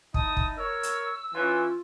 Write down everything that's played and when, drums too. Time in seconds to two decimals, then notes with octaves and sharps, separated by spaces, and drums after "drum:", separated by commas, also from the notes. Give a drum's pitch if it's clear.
0.14 D#4 E4 A5 D#6, drum: kick
0.37 drum: kick
0.57 A#4 C#5 E6
0.83 drum: hi-hat
1.35 E3 C#4 F4